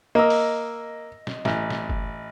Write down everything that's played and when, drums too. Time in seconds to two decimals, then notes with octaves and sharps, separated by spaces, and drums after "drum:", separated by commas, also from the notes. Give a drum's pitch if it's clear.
0.15 A#3 D#5 E6
0.30 drum: open hi-hat
1.27 drum: snare
1.45 A1, drum: snare
1.70 drum: snare
1.90 drum: kick F#1